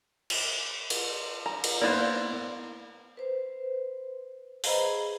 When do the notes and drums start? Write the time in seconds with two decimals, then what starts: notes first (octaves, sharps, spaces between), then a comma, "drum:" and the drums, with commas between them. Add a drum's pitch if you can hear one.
0.30 drum: cymbal
0.90 drum: cymbal
1.46 A#5
1.64 drum: cymbal
1.82 A#3 B3 E4 C5 D5
3.17 B4 C5
4.64 G#4 B4 C5 D#5 A#5 B5, drum: open hi-hat